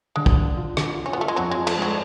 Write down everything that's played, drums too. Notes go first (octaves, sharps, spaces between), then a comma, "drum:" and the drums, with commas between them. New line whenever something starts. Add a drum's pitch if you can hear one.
D3 G#3
drum: kick
D3
F4
D3, drum: rim click
F4
C#4
B3
A3 F4
G#3
F2 F#3
G#3
F3
A3, drum: cymbal
F#3 G#3